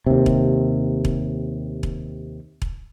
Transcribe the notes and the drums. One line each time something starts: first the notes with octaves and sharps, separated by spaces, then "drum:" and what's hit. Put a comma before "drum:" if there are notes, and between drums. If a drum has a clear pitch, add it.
D#2 C3
drum: kick E1
drum: kick E1
drum: kick E1
drum: kick E1